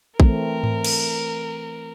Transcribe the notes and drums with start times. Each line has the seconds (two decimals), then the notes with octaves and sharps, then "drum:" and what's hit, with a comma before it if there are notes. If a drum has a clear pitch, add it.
0.20 E3 A3 C4 A#4, drum: kick A1
0.64 drum: tom G#2
0.84 drum: cymbal